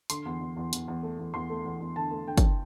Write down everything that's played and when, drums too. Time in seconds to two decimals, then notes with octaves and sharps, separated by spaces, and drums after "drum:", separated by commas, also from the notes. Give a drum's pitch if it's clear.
0.10 D3 C6, drum: hi-hat
0.26 E2
0.41 E2
0.57 E2
0.73 E2, drum: hi-hat
0.88 E2
1.03 A3
1.19 E2
1.34 E2 C6
1.50 A3
1.65 E2
1.80 E2
1.96 D3 A5
2.11 A3
2.27 D3 G5
2.38 drum: kick, hi-hat